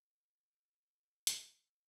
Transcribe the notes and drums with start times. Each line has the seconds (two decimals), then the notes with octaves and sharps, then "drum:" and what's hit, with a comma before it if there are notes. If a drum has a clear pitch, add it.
0.15 G6
0.22 B5 A6
0.49 E6 G6 D7
0.62 E7
0.75 B5 G7
1.01 E6 G6
1.27 B5, drum: hi-hat
1.53 E6 G6